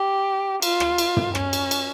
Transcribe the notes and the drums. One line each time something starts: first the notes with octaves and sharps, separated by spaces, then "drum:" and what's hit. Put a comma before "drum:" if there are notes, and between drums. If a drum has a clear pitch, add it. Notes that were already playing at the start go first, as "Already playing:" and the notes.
Already playing: G4
F4, drum: cymbal
drum: rim click
drum: cymbal
drum: tom
C#4, drum: rim click
drum: cymbal
drum: cymbal